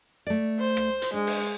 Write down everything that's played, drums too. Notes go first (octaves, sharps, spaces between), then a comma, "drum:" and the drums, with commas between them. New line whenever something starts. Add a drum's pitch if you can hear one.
A3 D5
C5
drum: rim click
drum: hi-hat
G#3 D4
drum: open hi-hat